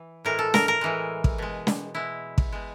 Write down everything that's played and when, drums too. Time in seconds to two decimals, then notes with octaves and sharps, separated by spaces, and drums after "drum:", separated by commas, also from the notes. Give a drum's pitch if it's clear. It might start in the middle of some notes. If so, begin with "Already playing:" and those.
Already playing: E3
0.25 A2 E3 G#3 A#4
0.39 A4
0.54 A#4, drum: snare
0.68 A#4
0.81 A2 E3 G#3
1.24 drum: kick
1.38 B2 G#3
1.67 drum: snare
1.95 B2 G#3 E4
2.38 drum: kick
2.52 B2 G#3